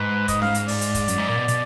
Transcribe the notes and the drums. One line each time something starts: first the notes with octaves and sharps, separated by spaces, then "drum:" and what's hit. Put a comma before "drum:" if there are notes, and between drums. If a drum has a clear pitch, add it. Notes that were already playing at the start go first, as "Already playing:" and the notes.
Already playing: G#2 B4
D#5, drum: kick, hi-hat
F5, drum: snare C#4
drum: hi-hat
D5, drum: open hi-hat
drum: hi-hat
drum: kick, hi-hat
F#2, drum: hi-hat
G#2
A#2
B2
B2, drum: hi-hat